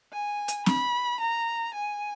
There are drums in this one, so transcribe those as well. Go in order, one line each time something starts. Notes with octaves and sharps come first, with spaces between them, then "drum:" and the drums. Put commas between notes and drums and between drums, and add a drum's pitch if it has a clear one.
G#5
drum: hi-hat
B5, drum: snare C4
A#5
G#5